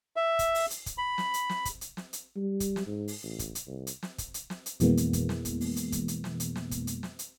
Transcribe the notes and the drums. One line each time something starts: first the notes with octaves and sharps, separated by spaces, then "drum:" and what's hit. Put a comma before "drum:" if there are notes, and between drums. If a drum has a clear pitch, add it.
E5
drum: kick, hi-hat
drum: open hi-hat
drum: hi-hat
drum: kick, hi-hat
B5
drum: snare
drum: hi-hat
drum: snare
drum: kick, hi-hat
drum: hi-hat
drum: snare
drum: hi-hat
G3
drum: kick, hi-hat
drum: snare
G#2
drum: open hi-hat
A1
drum: kick, hi-hat
drum: hi-hat
C2
drum: hi-hat
drum: snare
drum: kick, hi-hat
drum: hi-hat
drum: snare
drum: hi-hat
F2 B2 E3 G#3 A#3 B3, drum: hi-hat
drum: hi-hat
drum: kick, hi-hat
drum: snare
drum: kick, hi-hat
drum: open hi-hat
drum: hi-hat
drum: kick, hi-hat
drum: hi-hat
drum: snare
drum: hi-hat
drum: snare
drum: kick, hi-hat
drum: hi-hat
drum: snare
drum: hi-hat